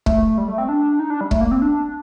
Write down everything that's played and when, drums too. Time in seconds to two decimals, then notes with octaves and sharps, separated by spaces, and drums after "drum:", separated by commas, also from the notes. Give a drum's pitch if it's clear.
0.06 A3, drum: kick
0.38 G3
0.48 A3
0.58 C4
0.69 D4
0.99 D#4
1.10 D4
1.21 G3
1.31 A3, drum: kick
1.41 A#3
1.51 C4
1.62 D4